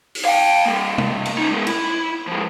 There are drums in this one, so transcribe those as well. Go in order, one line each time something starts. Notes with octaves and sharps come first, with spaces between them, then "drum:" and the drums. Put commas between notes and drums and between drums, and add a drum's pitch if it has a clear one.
drum: open hi-hat
F5 G5
G3 A#3
drum: tom
drum: cymbal
C#4 D#4
G#3 B3
E4, drum: cymbal
F3 G#3